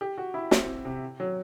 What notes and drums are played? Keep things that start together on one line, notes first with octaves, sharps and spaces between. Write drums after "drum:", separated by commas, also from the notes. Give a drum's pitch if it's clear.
G4
F#4
E4
C4, drum: snare
C3
F#3